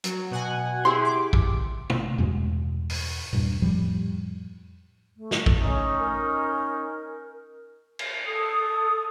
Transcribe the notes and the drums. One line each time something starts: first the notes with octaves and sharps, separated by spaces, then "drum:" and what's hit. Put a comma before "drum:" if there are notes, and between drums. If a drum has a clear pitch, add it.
F#3, drum: hi-hat
B2 F#5 G#5
E4 G4 G#4 C6
D6
drum: kick
drum: tom
E2 G2 B2 G#3
drum: open hi-hat
E2 G2 A#2
F2 A2 F3 G3
A3
drum: snare
drum: kick
C#4 D#4
A#4
drum: cymbal
A4 D#6